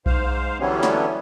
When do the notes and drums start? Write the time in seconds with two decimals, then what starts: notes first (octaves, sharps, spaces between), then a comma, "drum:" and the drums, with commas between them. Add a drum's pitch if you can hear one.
0.06 G#2 C5 F5, drum: kick B1
0.60 D3 E3 F#3 G3 B3 C#4
0.83 drum: snare